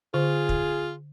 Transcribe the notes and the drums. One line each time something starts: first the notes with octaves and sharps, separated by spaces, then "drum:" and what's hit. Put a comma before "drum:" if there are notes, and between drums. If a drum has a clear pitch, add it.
D3 F4 G#4
drum: kick